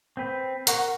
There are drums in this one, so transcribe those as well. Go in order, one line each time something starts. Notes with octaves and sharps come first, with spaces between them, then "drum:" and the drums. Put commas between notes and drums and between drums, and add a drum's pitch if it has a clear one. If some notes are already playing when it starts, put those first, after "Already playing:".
C4 B4
A#4 F#5 C#6, drum: hi-hat